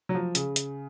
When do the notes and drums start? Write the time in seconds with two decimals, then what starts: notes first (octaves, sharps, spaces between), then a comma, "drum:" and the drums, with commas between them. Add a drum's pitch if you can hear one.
0.09 F#3
0.15 F3
0.35 C#3, drum: hi-hat
0.56 drum: hi-hat